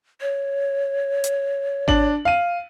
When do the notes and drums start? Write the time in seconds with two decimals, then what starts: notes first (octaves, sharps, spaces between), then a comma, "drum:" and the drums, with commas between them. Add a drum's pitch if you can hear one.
0.21 C#5
1.24 drum: hi-hat
1.88 D4 F#7, drum: kick G#1
2.25 F5 D#7